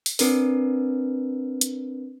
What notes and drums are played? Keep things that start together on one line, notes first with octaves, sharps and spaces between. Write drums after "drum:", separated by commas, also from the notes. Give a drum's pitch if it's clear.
drum: open hi-hat
C4 D4 A#4 B4, drum: open hi-hat
drum: hi-hat